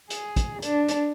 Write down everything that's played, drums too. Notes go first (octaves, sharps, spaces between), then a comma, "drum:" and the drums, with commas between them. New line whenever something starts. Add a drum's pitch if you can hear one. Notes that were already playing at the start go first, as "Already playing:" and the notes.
G#4, drum: hi-hat
drum: kick, hi-hat
D4, drum: hi-hat
drum: hi-hat